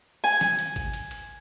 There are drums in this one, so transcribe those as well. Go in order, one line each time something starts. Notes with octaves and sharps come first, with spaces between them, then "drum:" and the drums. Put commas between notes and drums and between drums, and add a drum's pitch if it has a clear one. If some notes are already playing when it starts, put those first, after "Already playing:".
G#5, drum: open hi-hat
drum: snare
drum: hi-hat
drum: kick G#1, hi-hat
drum: hi-hat
drum: hi-hat